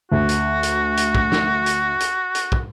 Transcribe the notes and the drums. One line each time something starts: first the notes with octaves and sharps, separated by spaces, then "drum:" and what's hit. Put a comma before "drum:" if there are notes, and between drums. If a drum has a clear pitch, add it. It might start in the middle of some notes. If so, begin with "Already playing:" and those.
D2 F#4
drum: hi-hat
drum: hi-hat
drum: hi-hat
drum: kick
drum: snare
drum: hi-hat
drum: hi-hat
drum: hi-hat
drum: kick